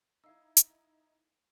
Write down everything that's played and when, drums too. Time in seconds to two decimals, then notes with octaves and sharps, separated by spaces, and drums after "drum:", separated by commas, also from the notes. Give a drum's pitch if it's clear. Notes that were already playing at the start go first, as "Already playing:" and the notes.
0.24 D#4 E4 F5 E6
0.57 drum: hi-hat